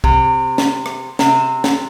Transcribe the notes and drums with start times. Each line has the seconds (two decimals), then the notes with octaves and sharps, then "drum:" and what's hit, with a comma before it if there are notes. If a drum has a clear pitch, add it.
0.04 C3, drum: kick
0.58 drum: snare
0.86 drum: rim click
1.19 C3, drum: snare
1.64 drum: snare